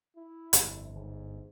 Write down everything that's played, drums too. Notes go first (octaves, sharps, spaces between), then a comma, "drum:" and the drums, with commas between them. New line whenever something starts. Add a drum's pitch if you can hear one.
E4
G1 F2, drum: hi-hat
G1 G#2